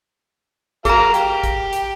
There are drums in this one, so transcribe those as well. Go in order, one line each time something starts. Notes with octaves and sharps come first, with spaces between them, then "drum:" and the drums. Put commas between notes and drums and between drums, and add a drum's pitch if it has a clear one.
F#3 G#4 A#4 F5 A#5, drum: kick, hi-hat
G4, drum: hi-hat
drum: kick, hi-hat
drum: hi-hat